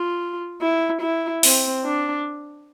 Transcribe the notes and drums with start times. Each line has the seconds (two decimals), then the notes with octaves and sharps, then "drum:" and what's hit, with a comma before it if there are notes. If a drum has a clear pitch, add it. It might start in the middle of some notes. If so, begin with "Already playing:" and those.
Already playing: F4
0.61 E4
1.02 E4
1.43 C4, drum: open hi-hat
1.85 D4